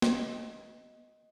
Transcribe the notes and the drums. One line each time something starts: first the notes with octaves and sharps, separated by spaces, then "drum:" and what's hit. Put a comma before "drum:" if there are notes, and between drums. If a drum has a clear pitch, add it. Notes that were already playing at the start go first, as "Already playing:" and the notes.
D#5, drum: snare